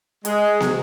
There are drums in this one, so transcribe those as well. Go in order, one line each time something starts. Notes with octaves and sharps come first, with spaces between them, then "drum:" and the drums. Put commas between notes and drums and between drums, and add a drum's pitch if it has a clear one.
G#3, drum: hi-hat
drum: snare